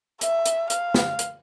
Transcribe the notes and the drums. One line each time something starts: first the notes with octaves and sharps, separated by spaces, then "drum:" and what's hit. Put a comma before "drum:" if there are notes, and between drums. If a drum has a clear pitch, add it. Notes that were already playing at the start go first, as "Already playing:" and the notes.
E5, drum: hi-hat
drum: hi-hat
F5, drum: hi-hat
drum: snare
drum: hi-hat